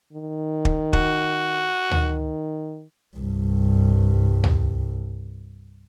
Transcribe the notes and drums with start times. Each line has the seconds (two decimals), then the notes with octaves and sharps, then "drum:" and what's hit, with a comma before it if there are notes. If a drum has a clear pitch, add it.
0.13 D#3
0.65 drum: kick
0.93 F#4, drum: kick
1.91 D#3, drum: tom D2
3.17 C2 G2
4.44 drum: tom D2